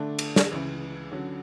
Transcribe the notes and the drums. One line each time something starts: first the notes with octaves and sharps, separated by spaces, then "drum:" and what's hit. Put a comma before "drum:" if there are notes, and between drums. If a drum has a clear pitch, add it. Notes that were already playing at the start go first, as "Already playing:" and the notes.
Already playing: D3 A3 D4
drum: cymbal
drum: snare
C#2 C#3 E3
D3 F#3 C#4